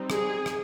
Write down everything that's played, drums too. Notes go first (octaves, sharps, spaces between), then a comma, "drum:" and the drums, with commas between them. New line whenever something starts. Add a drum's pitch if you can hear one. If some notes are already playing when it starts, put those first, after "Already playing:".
Already playing: G3 C4 D#4
G#4, drum: rim click
drum: rim click